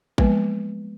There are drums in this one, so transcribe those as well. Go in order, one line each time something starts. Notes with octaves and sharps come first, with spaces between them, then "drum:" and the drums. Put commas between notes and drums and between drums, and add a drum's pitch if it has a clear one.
F3 F#3 G#3 A#3 B3 B4, drum: kick A1